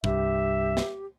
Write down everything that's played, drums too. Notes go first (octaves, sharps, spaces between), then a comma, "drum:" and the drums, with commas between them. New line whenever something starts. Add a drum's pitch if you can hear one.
C2 G2 G4 E5, drum: kick
drum: snare